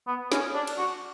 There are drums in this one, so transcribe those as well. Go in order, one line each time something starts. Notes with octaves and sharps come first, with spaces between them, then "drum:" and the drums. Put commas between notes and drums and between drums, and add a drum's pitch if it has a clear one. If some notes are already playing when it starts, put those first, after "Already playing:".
B3
C#4, drum: snare
D4
drum: cymbal
F#4